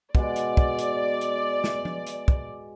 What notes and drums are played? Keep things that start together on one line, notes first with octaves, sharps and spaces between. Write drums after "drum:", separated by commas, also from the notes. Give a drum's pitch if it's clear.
B2 G#3 D5, drum: kick
drum: hi-hat
drum: kick
drum: hi-hat
drum: hi-hat
drum: snare
drum: tom F3
drum: hi-hat
drum: kick